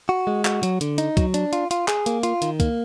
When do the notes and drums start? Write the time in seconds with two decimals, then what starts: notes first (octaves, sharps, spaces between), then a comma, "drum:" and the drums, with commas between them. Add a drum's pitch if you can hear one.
0.09 F#4
0.27 G#3
0.45 F#4, drum: clap
0.63 F#3, drum: hi-hat
0.81 D3, drum: hi-hat
0.98 D#4, drum: hi-hat
1.17 F#3, drum: kick, hi-hat
1.34 D4, drum: hi-hat
1.53 F4, drum: hi-hat
1.71 F4, drum: hi-hat
1.88 G#4, drum: clap
2.06 A#3, drum: hi-hat
2.23 F4, drum: hi-hat
2.42 D#3, drum: hi-hat
2.60 A#3, drum: kick, hi-hat